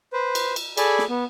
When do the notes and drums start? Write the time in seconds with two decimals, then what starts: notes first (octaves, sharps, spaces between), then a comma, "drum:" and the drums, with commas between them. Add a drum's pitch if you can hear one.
0.13 B4 C5
0.35 drum: cymbal
0.56 drum: cymbal
0.77 G#4 A4 D5 G#5 B5, drum: cymbal
0.99 drum: snare
1.09 B3